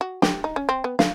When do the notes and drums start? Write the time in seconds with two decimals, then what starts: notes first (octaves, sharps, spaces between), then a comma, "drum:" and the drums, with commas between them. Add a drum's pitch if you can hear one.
0.01 F#4
0.22 G4, drum: snare
0.44 D#4
0.56 C#4
0.69 C4
0.84 B3
0.99 F5, drum: snare